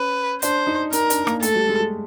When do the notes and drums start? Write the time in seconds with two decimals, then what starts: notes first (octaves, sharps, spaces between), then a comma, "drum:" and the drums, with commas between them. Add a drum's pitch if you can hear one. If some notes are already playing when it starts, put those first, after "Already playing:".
Already playing: C#4 B4
0.42 D4 C5, drum: hi-hat
0.67 D#4
0.93 D#4 A#4, drum: hi-hat
1.10 D4, drum: hi-hat
1.27 A#3, drum: rim click
1.42 A3 A4, drum: hi-hat
1.56 G3
1.69 G#3
1.80 G3